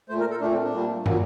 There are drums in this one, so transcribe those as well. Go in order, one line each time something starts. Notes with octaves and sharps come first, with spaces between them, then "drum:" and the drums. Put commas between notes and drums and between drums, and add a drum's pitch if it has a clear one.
A#2 A3 C5
A#4
A4
A#2 A3 D4
C4
D4
A#2 G3 A#3
A#2 F#3 A#3, drum: tom